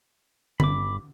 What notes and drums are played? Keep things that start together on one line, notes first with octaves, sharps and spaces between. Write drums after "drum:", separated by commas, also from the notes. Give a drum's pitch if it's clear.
G1 B5 D6, drum: tom D3